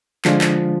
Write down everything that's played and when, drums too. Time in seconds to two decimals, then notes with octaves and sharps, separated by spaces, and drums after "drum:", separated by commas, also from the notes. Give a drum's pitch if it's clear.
0.25 D3 F3 G#3 D4 F4, drum: clap
0.41 drum: clap